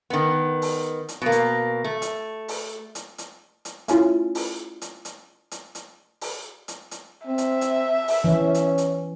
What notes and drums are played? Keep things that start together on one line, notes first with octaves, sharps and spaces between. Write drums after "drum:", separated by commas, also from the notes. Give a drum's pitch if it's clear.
D#3 B3
drum: open hi-hat
drum: hi-hat
B2 A#3
drum: hi-hat
A3
drum: hi-hat
drum: open hi-hat
drum: hi-hat
drum: hi-hat
drum: hi-hat
A3 C#4 E4 F4, drum: hi-hat
drum: open hi-hat
drum: hi-hat
drum: hi-hat
drum: hi-hat
drum: hi-hat
drum: open hi-hat
drum: hi-hat
drum: hi-hat
C4 E5
drum: hi-hat
drum: hi-hat
drum: open hi-hat
E3 C#4
drum: hi-hat
drum: hi-hat